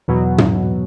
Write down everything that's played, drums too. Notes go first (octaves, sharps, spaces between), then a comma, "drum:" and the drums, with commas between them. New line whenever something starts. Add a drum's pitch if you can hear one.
E2 B2 F#3
drum: tom